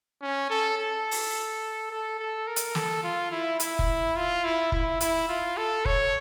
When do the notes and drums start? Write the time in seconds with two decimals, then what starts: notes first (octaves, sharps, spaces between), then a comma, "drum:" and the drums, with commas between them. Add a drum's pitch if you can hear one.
0.22 C#4
0.50 A4
0.77 A4
1.11 drum: open hi-hat
1.91 A4
2.19 A4
2.47 A#4
2.56 drum: hi-hat
2.75 A4, drum: snare
3.03 F4
3.31 E4
3.60 E4, drum: hi-hat
3.79 drum: kick
4.16 F4
4.44 E4
4.72 E4, drum: kick
5.00 E4, drum: hi-hat
5.29 F4
5.57 A4
5.85 C#5, drum: kick